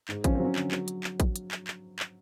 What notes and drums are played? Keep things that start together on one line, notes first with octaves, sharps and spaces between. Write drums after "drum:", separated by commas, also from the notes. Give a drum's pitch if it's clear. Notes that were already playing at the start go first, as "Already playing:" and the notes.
G#2, drum: clap
F3 C#4, drum: kick, hi-hat
F#3 C4
C#4
D3, drum: clap
F#3, drum: clap
drum: hi-hat
drum: clap
drum: kick, hi-hat
drum: hi-hat
drum: clap
drum: clap
drum: clap